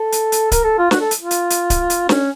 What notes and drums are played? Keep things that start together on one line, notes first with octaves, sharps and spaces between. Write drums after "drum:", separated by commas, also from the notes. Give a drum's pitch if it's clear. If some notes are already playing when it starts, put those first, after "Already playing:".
Already playing: A4
drum: hi-hat
drum: hi-hat
A#4, drum: kick C#1, hi-hat
A4
F4
F#4, drum: snare
A4
drum: hi-hat
F4
drum: hi-hat
drum: hi-hat
drum: kick C#1, hi-hat
drum: hi-hat
C#4, drum: snare